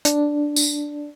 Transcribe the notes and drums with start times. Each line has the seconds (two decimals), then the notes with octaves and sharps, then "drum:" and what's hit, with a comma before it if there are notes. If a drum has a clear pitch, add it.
0.05 D4, drum: hi-hat
0.56 drum: tambourine